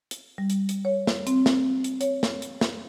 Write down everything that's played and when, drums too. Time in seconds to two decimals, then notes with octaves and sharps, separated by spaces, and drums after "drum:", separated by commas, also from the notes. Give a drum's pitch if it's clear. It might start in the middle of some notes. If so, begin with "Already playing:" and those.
0.11 drum: hi-hat
0.38 G3
0.50 drum: hi-hat
0.69 drum: hi-hat
0.85 C#5
1.07 drum: snare
1.27 C4, drum: hi-hat
1.46 drum: snare
1.84 drum: hi-hat
2.01 C#5, drum: hi-hat
2.23 drum: snare
2.42 drum: hi-hat
2.61 drum: snare